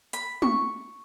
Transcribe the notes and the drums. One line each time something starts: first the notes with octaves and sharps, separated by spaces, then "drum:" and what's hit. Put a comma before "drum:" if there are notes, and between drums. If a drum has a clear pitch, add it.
B5, drum: hi-hat
C#6, drum: tom